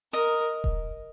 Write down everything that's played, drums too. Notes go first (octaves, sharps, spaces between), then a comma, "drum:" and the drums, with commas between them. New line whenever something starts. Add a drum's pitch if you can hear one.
A#4 D#5
drum: kick D#1